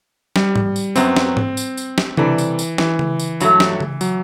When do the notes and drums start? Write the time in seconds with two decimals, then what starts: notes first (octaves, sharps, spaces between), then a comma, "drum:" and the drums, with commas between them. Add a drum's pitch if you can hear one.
0.36 G3, drum: snare
0.56 drum: tom G#2
0.76 drum: tambourine
0.96 F#2 F#3 B3 C4, drum: tambourine
1.16 drum: snare
1.37 drum: tom G#2
1.57 drum: tambourine
1.77 drum: tambourine
1.98 drum: snare
2.17 C3 E3 G3 D4 A4 D5, drum: tom C#3
2.38 drum: tambourine
2.59 drum: tambourine
2.78 E3, drum: snare
2.99 drum: tom C#3
3.20 drum: tambourine
3.40 G2 F#3 A3, drum: tambourine
3.60 drum: snare
3.80 drum: tom C#3
4.01 F#3, drum: tambourine